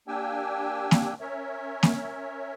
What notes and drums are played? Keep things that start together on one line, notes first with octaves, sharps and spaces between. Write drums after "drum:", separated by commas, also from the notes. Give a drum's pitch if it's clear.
A#3 D4 G4 G5 G#5 E6
drum: snare A#3
C#4 A#4 C#5 E5
drum: snare A#3